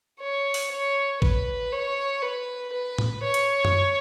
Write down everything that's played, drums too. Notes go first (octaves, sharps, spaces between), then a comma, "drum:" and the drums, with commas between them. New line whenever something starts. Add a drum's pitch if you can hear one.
C#5
drum: open hi-hat
C#5
B4, drum: kick
C#5
B4
B4
drum: tom A2
C#5
drum: hi-hat
drum: tom F#2